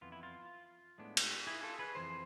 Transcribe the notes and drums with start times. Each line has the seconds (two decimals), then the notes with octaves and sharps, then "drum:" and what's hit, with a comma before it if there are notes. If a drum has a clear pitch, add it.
0.01 F2 E3 B3 F4
0.12 E4
0.23 F4
0.98 A2 G#3 B3 D4
1.17 drum: cymbal
1.47 E4 G#4
1.63 F4 A4
1.79 G#4 B4
1.95 F2 E3 C5